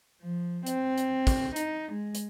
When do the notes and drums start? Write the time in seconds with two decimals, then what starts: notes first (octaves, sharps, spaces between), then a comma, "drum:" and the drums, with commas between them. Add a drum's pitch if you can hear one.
0.23 F3
0.67 C4, drum: hi-hat
0.98 drum: hi-hat
1.27 drum: kick, hi-hat
1.56 D#4, drum: hi-hat
1.93 G#3
2.15 drum: hi-hat